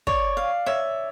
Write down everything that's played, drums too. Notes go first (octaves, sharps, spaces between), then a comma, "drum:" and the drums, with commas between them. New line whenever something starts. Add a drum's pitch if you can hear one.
C#5 D5, drum: kick
F5
C#5 E5